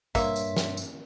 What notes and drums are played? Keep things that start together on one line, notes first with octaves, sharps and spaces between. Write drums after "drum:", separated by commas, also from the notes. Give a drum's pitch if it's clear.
G2 A#3 C#5 E5 C6, drum: kick, tambourine
drum: tambourine
drum: snare
drum: tambourine